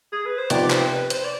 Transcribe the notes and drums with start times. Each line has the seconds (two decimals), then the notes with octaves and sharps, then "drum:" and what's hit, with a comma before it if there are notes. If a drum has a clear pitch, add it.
0.13 G#4
0.26 B4
0.38 C5
0.50 C3 F3 B3 D#4 G4 D5, drum: hi-hat
0.70 C5, drum: clap
0.90 B4
1.10 C5, drum: hi-hat
1.25 D5